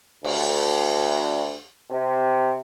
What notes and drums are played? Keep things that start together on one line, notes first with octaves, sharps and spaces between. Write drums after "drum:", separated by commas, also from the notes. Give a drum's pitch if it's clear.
D2, drum: cymbal
C3